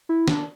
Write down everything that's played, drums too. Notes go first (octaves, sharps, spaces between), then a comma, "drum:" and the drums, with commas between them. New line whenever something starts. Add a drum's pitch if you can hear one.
E4
D4, drum: snare